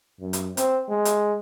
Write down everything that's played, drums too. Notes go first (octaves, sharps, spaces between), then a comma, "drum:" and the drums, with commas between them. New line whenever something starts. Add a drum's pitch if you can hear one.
F#2
drum: hi-hat
C4, drum: hi-hat
G#3
drum: hi-hat